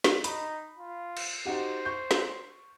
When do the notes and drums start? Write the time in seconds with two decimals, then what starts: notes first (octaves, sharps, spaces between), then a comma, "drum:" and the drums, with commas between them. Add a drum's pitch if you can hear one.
0.04 drum: snare
0.24 D#4 B5, drum: hi-hat
0.78 F4
1.17 drum: cymbal
1.45 D#4 F#4 G4 C5
1.85 C#6 G6
2.11 drum: snare